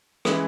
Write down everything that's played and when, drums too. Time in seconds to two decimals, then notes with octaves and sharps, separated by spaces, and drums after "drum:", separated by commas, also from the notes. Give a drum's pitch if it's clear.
0.25 E3 G#3 C#4 E4 B4, drum: rim click